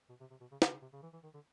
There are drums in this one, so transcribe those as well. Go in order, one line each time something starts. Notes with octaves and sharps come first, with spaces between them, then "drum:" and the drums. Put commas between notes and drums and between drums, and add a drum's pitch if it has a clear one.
B2
C3
C3
B2
C#3
D3, drum: snare
C#3
C3
C#3
E3
E3
D#3
D3